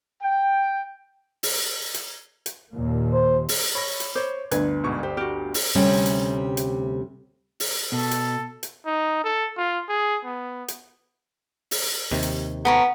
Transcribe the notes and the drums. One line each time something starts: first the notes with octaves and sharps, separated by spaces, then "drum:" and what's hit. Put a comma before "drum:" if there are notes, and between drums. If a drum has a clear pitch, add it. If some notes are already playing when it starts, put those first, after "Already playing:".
G5
drum: open hi-hat
drum: hi-hat
drum: hi-hat
D#2 A#2 A#3
C5
drum: open hi-hat
C#5 B5 A#6
drum: hi-hat
C5 C#5 D6
G1 D2 B4 G#6, drum: hi-hat
G#2 B2 C#6
G4 C5
F#4 G4 F6
drum: open hi-hat
D2 C3 G3 A3 C#4
drum: hi-hat
drum: hi-hat
drum: open hi-hat
B2 A4
drum: hi-hat
drum: hi-hat
D#4
A4
F4
G#4
B3
drum: hi-hat
drum: open hi-hat
D#2 C3 D#3
drum: hi-hat
B3 A4 A#4 C#5 F#5